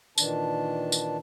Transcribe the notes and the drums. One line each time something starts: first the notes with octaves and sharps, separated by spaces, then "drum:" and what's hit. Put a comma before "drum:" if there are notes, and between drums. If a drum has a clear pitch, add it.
A#2 D#3 E3 D4 A5, drum: tambourine
drum: tambourine